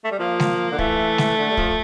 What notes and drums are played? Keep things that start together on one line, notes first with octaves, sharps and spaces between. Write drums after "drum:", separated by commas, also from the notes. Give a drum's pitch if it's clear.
A3
G3
F3 A#3
drum: snare G#3
D3
E3 A3, drum: kick
drum: snare G#3
D3
G3
F3, drum: kick